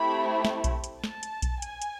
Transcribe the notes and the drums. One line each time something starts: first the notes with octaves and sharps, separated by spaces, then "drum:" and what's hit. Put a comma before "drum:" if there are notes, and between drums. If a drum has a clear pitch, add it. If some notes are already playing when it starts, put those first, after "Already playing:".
Already playing: A3 C4 E4 G4 B5
drum: snare
drum: kick B1, hi-hat
drum: hi-hat
A5, drum: snare
drum: hi-hat
drum: kick B1, hi-hat
G#5, drum: hi-hat
drum: hi-hat